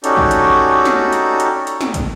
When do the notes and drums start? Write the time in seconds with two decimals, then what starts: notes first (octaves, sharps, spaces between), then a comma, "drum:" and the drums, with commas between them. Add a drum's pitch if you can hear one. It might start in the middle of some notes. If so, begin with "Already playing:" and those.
0.04 C#4 D#4 F#4 G4 A4 D5, drum: hi-hat
0.17 drum: kick
0.31 drum: hi-hat
0.85 drum: snare
1.13 drum: hi-hat
1.40 drum: hi-hat
1.67 drum: hi-hat
1.81 drum: snare
1.94 drum: kick, hi-hat